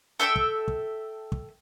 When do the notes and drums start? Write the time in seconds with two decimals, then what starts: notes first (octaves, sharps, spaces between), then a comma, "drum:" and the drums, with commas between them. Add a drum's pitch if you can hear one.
0.20 A4 E5 G5 E6
0.36 drum: kick
0.68 drum: kick
1.32 drum: kick